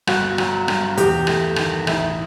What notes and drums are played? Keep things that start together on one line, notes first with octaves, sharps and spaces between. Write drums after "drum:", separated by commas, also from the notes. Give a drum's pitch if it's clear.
G1 F#4, drum: rim click
F#3, drum: rim click
G2, drum: rim click
E2 G4, drum: hi-hat
A3, drum: rim click
D#3, drum: rim click
A1 E4, drum: rim click